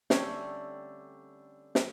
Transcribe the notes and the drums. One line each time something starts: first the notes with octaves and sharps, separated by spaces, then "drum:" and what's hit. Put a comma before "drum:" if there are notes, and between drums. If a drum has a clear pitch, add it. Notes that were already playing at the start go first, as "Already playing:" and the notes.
D3 G3 A3 C4 C#4, drum: snare
drum: snare